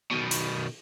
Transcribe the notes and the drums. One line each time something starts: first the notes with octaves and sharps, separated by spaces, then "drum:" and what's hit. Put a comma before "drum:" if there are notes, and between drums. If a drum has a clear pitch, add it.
B2 D#3
drum: hi-hat